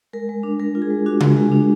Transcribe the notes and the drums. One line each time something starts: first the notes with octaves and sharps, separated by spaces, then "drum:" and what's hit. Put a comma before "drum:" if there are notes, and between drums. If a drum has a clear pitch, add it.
G#3 A#4
G#3
D4
G#3 A#4
F4
G#4
G#3
D4 F#4
G#3, drum: tom C#3
G#3
D4